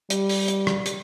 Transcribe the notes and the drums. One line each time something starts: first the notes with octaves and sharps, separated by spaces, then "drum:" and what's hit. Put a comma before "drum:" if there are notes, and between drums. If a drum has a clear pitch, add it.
G3, drum: hi-hat
drum: open hi-hat
drum: hi-hat
drum: rim click
drum: hi-hat